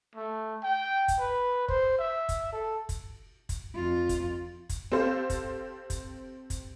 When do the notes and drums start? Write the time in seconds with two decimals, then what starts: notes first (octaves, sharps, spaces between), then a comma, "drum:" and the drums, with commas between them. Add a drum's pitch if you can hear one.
0.15 A3
0.63 G5
1.08 drum: kick, hi-hat
1.19 B4
1.68 C5, drum: kick
1.99 E5
2.29 drum: kick, hi-hat
2.53 A4
2.89 drum: kick, hi-hat
3.49 drum: kick, hi-hat
3.75 F2 F4
4.09 drum: kick, hi-hat
4.69 drum: kick, hi-hat
4.92 C4 G4 A4 C5 F5
5.30 drum: kick, hi-hat
5.90 drum: kick, hi-hat
6.50 drum: kick, hi-hat